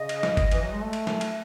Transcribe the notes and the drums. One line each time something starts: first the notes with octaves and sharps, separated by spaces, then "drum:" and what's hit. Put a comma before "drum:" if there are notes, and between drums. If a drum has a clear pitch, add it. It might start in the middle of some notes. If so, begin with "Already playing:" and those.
Already playing: C#3 D#5
drum: cymbal
drum: snare
drum: kick G1, cymbal
E3, drum: cymbal
F#3
G#3
A3
drum: cymbal
drum: snare
drum: cymbal